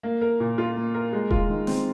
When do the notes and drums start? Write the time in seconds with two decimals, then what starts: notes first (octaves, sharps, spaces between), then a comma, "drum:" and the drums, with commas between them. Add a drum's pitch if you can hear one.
0.03 A#3
0.21 A#4
0.40 A#2
0.58 F4
0.76 A#3
0.94 A#4
1.13 G#3
1.31 F4, drum: kick D#1
1.49 D#3
1.67 C4, drum: snare